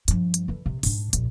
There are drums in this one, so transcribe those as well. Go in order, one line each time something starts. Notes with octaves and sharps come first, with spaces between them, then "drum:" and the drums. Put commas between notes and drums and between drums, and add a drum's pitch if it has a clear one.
G2 F3, drum: hi-hat
drum: hi-hat
D3 E3
C3
G#2 D4, drum: open hi-hat
A#1 D#2, drum: hi-hat